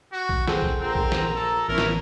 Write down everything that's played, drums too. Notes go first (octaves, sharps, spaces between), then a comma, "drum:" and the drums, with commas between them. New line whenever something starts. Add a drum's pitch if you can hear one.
F#4
drum: kick A#1
C4 G#4 A4 F#5, drum: snare
drum: kick A#1
A#1 C4 A#5
drum: kick A#1
drum: snare
A4
A1 B3 E4 A#4 C#5
drum: snare